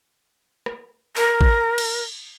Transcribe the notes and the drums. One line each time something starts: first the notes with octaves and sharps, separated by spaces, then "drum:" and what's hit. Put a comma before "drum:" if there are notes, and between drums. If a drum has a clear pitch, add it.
drum: rim click
A#4, drum: open hi-hat
drum: kick A1
drum: cymbal